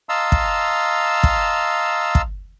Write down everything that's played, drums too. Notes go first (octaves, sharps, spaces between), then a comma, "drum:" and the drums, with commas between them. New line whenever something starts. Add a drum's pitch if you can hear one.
D#5 F5 A5 A#5 C6 E6
drum: kick
drum: kick
drum: kick